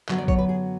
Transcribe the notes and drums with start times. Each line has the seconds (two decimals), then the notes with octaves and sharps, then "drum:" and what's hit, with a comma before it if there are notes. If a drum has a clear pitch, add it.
0.09 F#2 D3 F#3 B3, drum: clap
0.18 D5
0.28 C#5, drum: kick
0.38 B4
0.49 G#4